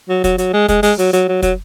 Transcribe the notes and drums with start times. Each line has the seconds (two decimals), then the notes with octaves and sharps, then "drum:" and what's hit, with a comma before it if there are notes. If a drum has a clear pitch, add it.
0.09 F#3
0.24 F#3, drum: kick, hi-hat
0.38 F#3, drum: hi-hat
0.54 G#3
0.68 G#3, drum: kick, hi-hat
0.83 G#3, drum: open hi-hat
0.99 F#3, drum: hi-hat
1.13 F#3, drum: hi-hat
1.28 F#3
1.42 F#3, drum: kick, hi-hat